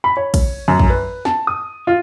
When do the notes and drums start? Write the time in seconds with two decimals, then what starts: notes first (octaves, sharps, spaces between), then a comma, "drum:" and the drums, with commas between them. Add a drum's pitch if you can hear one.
0.04 B5
0.17 C#5
0.34 drum: kick, cymbal
0.68 F#2
0.80 drum: kick
0.90 B4
1.25 A5, drum: snare
1.47 D#6
1.87 F4